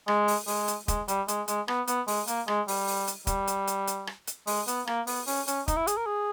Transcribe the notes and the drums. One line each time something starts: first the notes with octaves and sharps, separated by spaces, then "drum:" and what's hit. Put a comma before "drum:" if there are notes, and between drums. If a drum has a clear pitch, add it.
G#3, drum: rim click
drum: open hi-hat
G#3, drum: open hi-hat
drum: hi-hat
G#3, drum: kick, hi-hat
G3, drum: hi-hat
G#3, drum: hi-hat
G#3, drum: hi-hat
B3, drum: rim click
B3, drum: hi-hat
G#3, drum: open hi-hat
A#3, drum: hi-hat
G#3, drum: rim click
G3, drum: open hi-hat
drum: open hi-hat
drum: hi-hat
G3, drum: kick, hi-hat
drum: hi-hat
drum: hi-hat
drum: hi-hat
drum: rim click
drum: hi-hat
G#3, drum: open hi-hat
B3, drum: hi-hat
A#3, drum: rim click
B3, drum: open hi-hat
C#4, drum: open hi-hat
C#4, drum: hi-hat
D#4, drum: kick, hi-hat
E4
G#4, drum: hi-hat
A#4
G#4